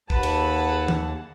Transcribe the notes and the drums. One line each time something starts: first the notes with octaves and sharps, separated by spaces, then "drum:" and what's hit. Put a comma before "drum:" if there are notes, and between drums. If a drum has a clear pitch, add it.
D#2 G#4 B4 F#5 A5 B5, drum: kick
drum: cymbal
drum: tom D#3